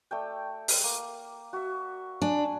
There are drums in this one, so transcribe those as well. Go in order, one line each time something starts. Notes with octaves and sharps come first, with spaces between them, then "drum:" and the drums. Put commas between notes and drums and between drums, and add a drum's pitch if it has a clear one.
A3 D5 G5
drum: open hi-hat
A#3
F#4 E5
D4 G#5